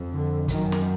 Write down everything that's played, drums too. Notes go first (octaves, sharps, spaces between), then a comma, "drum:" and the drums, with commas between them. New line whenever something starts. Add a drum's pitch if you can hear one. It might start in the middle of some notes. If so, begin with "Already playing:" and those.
Already playing: F2
D3
F#2 D#3, drum: kick, hi-hat
drum: snare